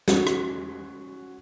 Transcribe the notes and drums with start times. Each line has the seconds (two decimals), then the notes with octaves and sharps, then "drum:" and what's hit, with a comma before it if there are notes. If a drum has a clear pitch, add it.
0.08 C#4 F#4, drum: snare
0.27 drum: rim click